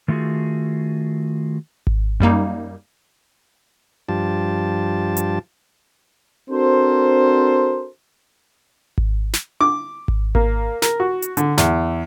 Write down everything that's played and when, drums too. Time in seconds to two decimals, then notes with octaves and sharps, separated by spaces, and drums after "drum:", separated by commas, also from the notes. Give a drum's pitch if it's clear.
0.08 D#3 A3 F4 F#4 G#4
1.87 drum: kick G#1
2.20 F#2 G3 A#3 D#4
4.09 G2 F3 F4 G4 A5
5.17 drum: hi-hat
6.51 C4 D4 F#4 A4 A#4 C5
8.98 drum: kick G#1
9.33 drum: snare
9.61 D6, drum: tom D4
10.08 drum: kick G#1
10.35 A#3, drum: kick G#1
10.82 A#4, drum: snare
11.00 F#4
11.22 drum: hi-hat
11.37 D3, drum: hi-hat
11.58 E2, drum: snare